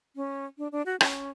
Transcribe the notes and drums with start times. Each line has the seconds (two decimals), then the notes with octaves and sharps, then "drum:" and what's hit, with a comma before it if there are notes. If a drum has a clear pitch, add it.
0.16 C#4
0.58 D4
0.72 D4
0.86 F#4
1.01 C#4, drum: rim click